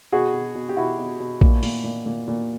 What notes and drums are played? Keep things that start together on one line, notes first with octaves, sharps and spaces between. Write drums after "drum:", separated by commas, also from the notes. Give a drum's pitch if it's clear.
B2 F#4 G#4
B2
B2
G4
B2 E4 F#4
B2
B2
A#2, drum: kick A#1
A#2, drum: open hi-hat
A#2
A#2
A#2